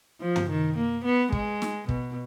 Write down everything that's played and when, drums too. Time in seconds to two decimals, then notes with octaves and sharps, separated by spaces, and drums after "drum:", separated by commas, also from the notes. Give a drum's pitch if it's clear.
0.21 F3
0.36 drum: tom
0.50 D#3
0.77 A#3
1.05 B3
1.32 G#3, drum: kick
1.62 drum: snare
1.89 B2, drum: kick